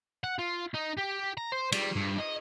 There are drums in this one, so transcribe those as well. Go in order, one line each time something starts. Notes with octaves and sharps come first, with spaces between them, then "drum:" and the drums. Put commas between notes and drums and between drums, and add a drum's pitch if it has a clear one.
F#5
F4
D#4
G4
A#5
C5
G3, drum: cymbal
G2
D#5